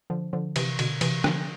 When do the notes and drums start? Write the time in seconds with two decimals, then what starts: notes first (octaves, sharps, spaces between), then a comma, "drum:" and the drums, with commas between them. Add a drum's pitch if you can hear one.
0.10 D3 F3
0.33 D3 F3
0.56 C3 E3, drum: cymbal
0.79 B2 D3, drum: cymbal
1.01 C3 E3, drum: cymbal
1.24 D3 F3, drum: rim click